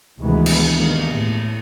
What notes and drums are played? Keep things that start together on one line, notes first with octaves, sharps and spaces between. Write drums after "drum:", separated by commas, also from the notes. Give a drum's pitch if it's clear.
D2 C3 D#3 E3 G#3 B3
drum: cymbal
D#3 G3 G#3 A#3 B3
A2